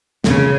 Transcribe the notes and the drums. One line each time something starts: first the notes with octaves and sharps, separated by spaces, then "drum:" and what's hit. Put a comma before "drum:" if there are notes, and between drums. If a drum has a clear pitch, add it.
C#3, drum: snare